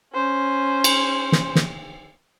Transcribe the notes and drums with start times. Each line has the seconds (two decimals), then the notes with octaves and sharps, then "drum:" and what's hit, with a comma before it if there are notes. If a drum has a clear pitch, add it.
0.14 C#4 C5
0.84 drum: cymbal
1.32 drum: snare
1.55 drum: snare